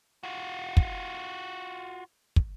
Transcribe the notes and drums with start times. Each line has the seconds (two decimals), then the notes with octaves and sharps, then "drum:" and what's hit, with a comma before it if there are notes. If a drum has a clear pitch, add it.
0.23 F4 F#4
0.77 drum: kick
2.36 drum: kick